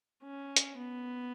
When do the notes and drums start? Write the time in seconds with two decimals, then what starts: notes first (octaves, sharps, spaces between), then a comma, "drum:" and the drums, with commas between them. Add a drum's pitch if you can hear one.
0.23 C#4
0.56 drum: hi-hat
0.77 B3